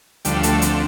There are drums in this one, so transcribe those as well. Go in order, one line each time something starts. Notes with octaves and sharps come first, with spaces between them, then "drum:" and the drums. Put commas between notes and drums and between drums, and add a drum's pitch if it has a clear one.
D2 D3 F3 G3, drum: hi-hat
A3, drum: hi-hat
C4, drum: hi-hat